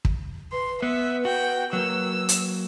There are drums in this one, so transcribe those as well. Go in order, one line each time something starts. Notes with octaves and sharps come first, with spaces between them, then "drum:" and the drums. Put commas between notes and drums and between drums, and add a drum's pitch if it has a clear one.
drum: kick
B4 C6
B3 E5
F#4 G5
F#3 A#3 E6
drum: hi-hat